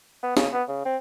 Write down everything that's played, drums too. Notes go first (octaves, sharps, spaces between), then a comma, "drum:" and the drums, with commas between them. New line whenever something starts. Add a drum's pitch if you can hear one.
B3
C#3, drum: snare
B3
C#3
C4